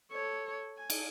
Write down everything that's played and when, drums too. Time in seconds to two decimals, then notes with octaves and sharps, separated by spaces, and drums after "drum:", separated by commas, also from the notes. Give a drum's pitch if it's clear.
0.12 A4 C#5
0.77 G#5
0.90 drum: cymbal